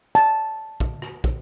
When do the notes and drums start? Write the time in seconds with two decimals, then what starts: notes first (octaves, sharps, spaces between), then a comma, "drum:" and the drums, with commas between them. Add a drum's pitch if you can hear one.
0.15 A5
0.80 drum: kick
1.02 drum: rim click
1.24 drum: kick